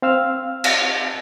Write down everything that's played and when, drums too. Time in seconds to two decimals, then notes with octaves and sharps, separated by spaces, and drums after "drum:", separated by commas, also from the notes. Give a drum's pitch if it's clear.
0.02 C4 F5 E6 F6
0.64 drum: cymbal